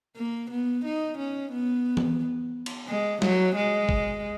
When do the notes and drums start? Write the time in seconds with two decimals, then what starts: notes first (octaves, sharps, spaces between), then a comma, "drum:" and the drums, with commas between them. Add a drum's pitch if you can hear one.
0.16 A#3
0.51 B3
0.85 D#4
1.18 C#4
1.52 B3
1.97 drum: tom E3
2.66 drum: cymbal
2.88 G#3
3.22 F#3, drum: snare
3.56 G#3
3.89 drum: kick